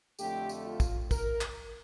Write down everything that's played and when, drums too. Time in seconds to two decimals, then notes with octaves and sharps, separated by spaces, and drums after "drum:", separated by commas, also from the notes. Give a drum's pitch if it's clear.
0.19 F2 D3 A3 G4, drum: tambourine
0.49 drum: tambourine
0.65 F4
0.80 drum: kick, tambourine
1.11 A#4, drum: kick, tambourine
1.41 drum: clap